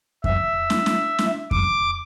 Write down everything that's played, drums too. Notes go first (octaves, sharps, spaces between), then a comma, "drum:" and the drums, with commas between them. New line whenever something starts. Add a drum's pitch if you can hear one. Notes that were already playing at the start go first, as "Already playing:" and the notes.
E5, drum: kick F2
drum: snare
drum: snare
drum: snare
D6, drum: kick F2